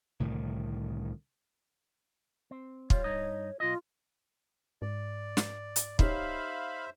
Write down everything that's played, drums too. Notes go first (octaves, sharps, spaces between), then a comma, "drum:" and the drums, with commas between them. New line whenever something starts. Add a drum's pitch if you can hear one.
C2 A2 D3 D#3
C4
G3 F4 C#5, drum: kick
G2 D#4 D#5
B1 F4 D#5
G#2 D5
drum: snare
drum: hi-hat
D#4 G4 C5 C#5 E5 F5 B5, drum: kick